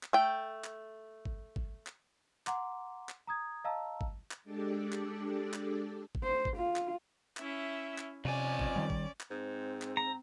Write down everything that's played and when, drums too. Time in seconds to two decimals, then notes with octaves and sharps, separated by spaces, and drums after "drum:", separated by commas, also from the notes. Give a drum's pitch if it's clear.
0.03 drum: clap
0.13 A3 G5
0.64 drum: clap
1.25 drum: kick
1.56 drum: kick
1.87 drum: clap
2.47 F#5 A#5 C6 D6, drum: clap
3.09 drum: clap
3.27 A#5 D#6 G#6
3.64 D#5 F5 A5 A#5 E6
4.01 drum: kick
4.31 drum: clap
4.44 G#3 D4 G4 A4 D5
4.92 drum: clap
5.54 drum: clap
6.15 drum: kick
6.24 C5
6.45 drum: kick
6.57 F4
6.76 drum: clap
7.37 C#4 E4 E5, drum: clap
7.98 drum: clap
8.25 F2 C3 C#4 D5 G#5
8.59 drum: kick
8.76 D#3 G3
8.90 drum: kick
9.21 drum: clap
9.30 G#2 C4
9.82 drum: clap
9.97 A#5